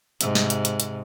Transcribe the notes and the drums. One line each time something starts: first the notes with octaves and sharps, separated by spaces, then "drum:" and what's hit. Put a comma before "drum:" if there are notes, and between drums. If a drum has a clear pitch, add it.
G#2 C3, drum: hi-hat
drum: snare
drum: hi-hat
drum: hi-hat
drum: hi-hat